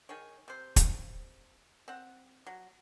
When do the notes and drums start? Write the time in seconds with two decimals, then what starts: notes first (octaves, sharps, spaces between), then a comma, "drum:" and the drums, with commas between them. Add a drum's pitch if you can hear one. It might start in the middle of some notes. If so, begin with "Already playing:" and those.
0.09 D#3 G#4 C#5
0.48 C3 C5
0.76 drum: kick, hi-hat
1.88 C4 F#5
2.47 F#3